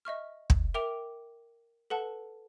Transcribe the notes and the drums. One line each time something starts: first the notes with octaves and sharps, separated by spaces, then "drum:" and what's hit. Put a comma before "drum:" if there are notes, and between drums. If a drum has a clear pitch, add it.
D#5 E5 C#6 F6
drum: kick
A#4 E5 G5 D6 D7 F7
A4 B4 F#5 A5